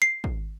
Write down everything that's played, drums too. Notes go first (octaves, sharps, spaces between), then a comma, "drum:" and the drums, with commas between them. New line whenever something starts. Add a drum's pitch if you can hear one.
C7
drum: kick